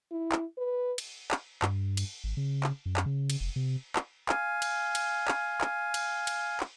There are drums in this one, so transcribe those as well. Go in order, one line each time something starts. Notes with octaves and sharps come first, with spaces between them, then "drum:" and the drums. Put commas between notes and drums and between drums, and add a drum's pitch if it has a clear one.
E4
drum: clap
B4
drum: cymbal
drum: clap
G2, drum: clap
drum: cymbal
G#1
C#3
drum: clap
F#2
drum: clap
C#3
drum: cymbal
F1
C3
drum: clap
F5 G#5, drum: clap
drum: cymbal
drum: cymbal
drum: clap
drum: clap
drum: cymbal
drum: cymbal
drum: clap